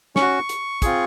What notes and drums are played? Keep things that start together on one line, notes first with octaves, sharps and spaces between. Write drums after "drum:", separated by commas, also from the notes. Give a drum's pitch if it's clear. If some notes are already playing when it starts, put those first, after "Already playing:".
C#4 C#6, drum: snare
F#4
drum: hi-hat
C4 F4 G#4, drum: kick, hi-hat